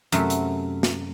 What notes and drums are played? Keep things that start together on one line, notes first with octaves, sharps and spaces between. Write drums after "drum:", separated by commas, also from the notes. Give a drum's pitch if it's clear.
F#2 C3 A3, drum: hi-hat
drum: hi-hat
drum: snare